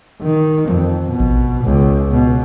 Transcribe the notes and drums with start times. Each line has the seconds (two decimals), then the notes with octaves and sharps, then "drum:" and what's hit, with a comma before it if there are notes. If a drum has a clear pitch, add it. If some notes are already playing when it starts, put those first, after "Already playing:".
0.21 D#3
0.68 F2, drum: tom D#3
1.07 B2
1.20 drum: kick A1
1.64 C#2
2.11 B2